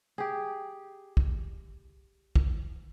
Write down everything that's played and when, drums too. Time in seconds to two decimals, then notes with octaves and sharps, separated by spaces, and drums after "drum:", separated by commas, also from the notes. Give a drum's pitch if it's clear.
0.18 G4 G#4
1.17 drum: kick
2.36 drum: kick